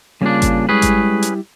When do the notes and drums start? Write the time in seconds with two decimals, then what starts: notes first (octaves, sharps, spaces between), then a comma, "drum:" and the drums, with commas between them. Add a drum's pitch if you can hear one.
0.22 C#3 G3 A#3 D4 F4
0.42 drum: kick G#1, hi-hat
0.69 G3 G#3 C#4 E4 G4 G#4 B4
0.82 drum: kick G#1, hi-hat
1.22 drum: hi-hat